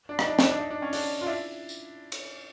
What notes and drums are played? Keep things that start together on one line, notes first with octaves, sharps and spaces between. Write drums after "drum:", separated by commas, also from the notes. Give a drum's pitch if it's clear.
D4
D#4, drum: rim click
D4
D#4, drum: snare
D4
D#4
D4
C#4
D4, drum: open hi-hat
F4
D4 E4
drum: tambourine
drum: cymbal